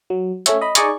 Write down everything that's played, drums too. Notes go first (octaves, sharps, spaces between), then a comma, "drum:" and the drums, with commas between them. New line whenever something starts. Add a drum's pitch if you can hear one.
F#3
A3 C#4 C#5 E5, drum: hi-hat
D#5 B5
D#4 G#4 D5 D#5 G#5 C#6, drum: hi-hat